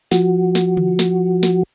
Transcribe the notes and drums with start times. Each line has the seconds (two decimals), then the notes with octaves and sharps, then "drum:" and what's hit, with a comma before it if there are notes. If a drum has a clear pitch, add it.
0.11 F3 F#4, drum: snare
0.55 drum: snare
0.77 drum: tom D3
0.99 drum: snare
1.43 drum: snare